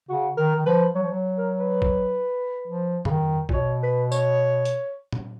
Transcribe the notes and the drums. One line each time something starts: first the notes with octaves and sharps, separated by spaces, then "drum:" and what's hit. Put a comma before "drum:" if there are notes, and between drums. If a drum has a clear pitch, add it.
C#3 F#4
D#3 A#4
D#3
F3 B4
F#3 C#5
F3
F#3
A#4
B4
drum: kick
F3
C#3, drum: tom F2
D#3
A#2, drum: kick
B2 C#5
B4
C#5, drum: tambourine
drum: hi-hat
drum: tom A#2